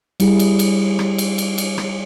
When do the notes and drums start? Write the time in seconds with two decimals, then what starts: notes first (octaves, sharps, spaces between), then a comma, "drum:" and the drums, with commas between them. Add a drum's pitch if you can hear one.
0.20 G3 E4 G#4, drum: cymbal
0.39 drum: cymbal
0.59 drum: cymbal
0.99 drum: rim click
1.18 drum: cymbal
1.38 drum: cymbal
1.58 drum: cymbal
1.78 drum: rim click